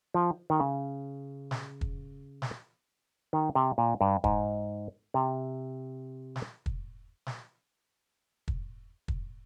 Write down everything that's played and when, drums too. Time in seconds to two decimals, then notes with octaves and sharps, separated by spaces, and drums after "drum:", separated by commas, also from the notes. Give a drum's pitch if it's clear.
0.14 F3
0.50 D#3
0.60 C#3
1.51 drum: snare
1.81 drum: kick
2.42 drum: snare
3.33 D#3
3.55 C3
3.78 A#2
4.01 G2
4.24 G#2, drum: kick
5.14 C3
6.36 drum: snare
6.66 drum: kick
7.26 drum: snare
8.48 drum: kick
9.08 drum: kick